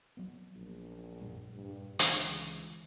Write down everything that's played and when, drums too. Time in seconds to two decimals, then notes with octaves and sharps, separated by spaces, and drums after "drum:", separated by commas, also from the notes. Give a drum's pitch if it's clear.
0.17 F#3 B3
0.56 A#1
1.21 F#2 A#2 G3
1.54 G2
1.99 C#2 D3 E3, drum: hi-hat